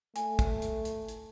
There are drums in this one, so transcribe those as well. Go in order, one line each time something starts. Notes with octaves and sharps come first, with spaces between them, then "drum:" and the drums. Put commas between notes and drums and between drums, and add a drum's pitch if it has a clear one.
A3 G#5, drum: hi-hat
drum: kick, hi-hat
drum: hi-hat
drum: hi-hat
drum: hi-hat